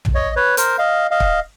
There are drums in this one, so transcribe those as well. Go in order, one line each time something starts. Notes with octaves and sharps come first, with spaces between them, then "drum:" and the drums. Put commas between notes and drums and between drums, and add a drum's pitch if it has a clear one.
drum: tom
C#5 D#5
B4 C#5
A#4 C5, drum: hi-hat
D#5 F5
D#5 F5
drum: kick